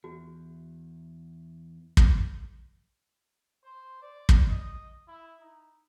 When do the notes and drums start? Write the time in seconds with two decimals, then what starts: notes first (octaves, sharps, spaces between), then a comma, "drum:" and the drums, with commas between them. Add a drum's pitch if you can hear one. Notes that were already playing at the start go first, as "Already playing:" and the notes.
0.04 E2 F#4
1.97 drum: kick
3.64 C5
4.02 D5
4.29 drum: kick
4.49 D#5
5.08 E4
5.40 D#4